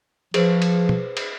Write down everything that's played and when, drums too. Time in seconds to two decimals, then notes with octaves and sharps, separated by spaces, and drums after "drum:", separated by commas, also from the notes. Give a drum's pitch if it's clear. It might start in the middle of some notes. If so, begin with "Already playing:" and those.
0.34 F3 G#4 B4 C5, drum: cymbal
0.62 drum: cymbal
0.89 drum: tom
1.17 drum: cymbal